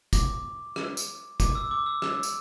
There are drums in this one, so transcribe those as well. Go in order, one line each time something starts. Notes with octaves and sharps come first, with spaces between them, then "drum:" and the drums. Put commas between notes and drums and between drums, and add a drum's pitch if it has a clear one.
D6, drum: kick, tambourine
drum: rim click
drum: tambourine
D6, drum: kick, tambourine
E6
D6
E6
E6, drum: rim click
drum: tambourine